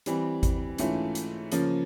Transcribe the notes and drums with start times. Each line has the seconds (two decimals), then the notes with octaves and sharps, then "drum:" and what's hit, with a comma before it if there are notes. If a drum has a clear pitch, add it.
0.06 E3 G3 C4, drum: hi-hat
0.43 drum: kick G#1, hi-hat
0.78 G#2 E3 A3 C#4 F4, drum: hi-hat
1.15 drum: hi-hat
1.52 C#3 F3 A#3 C#4, drum: hi-hat